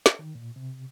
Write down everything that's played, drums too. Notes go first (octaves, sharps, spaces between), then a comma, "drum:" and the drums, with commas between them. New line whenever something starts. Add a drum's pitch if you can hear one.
drum: snare
D#3
A#2
C3